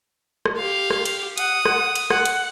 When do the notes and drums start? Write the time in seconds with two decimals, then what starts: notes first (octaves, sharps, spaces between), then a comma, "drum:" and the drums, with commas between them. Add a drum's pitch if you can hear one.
0.46 drum: rim click
0.57 G4 F5
0.90 drum: rim click
1.05 drum: cymbal
1.38 F#5 D#6, drum: cymbal
1.65 drum: rim click
1.95 drum: cymbal
2.10 F#5, drum: rim click
2.25 drum: cymbal